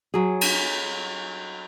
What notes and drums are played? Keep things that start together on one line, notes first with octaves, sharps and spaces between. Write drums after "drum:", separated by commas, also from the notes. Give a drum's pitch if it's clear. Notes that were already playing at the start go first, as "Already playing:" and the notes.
F#3 G#4
drum: cymbal